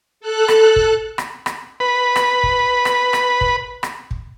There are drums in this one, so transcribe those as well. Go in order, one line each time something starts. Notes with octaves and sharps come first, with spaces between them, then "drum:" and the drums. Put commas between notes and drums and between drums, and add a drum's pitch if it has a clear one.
A4 F#6
drum: rim click
drum: kick
drum: rim click
drum: rim click
B4 B5
drum: rim click
drum: kick
drum: rim click
drum: rim click
drum: kick
drum: rim click
drum: kick